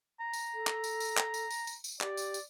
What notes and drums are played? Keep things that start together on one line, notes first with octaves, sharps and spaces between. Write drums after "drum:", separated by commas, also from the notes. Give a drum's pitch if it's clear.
A#5
drum: tambourine
A4
drum: clap
drum: tambourine
drum: tambourine
drum: clap
drum: tambourine
drum: tambourine
drum: tambourine
drum: tambourine
G4 D5, drum: clap
drum: tambourine
drum: tambourine